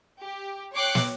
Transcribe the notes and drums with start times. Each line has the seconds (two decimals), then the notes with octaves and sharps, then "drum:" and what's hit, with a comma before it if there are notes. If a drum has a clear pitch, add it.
0.21 G4
0.74 C#5 G5 D6 F#6 C7 C#7
0.95 drum: snare